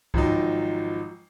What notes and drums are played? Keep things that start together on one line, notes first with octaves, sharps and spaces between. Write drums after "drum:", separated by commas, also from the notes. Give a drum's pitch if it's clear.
G#1 F3 F#3 D#4, drum: kick C2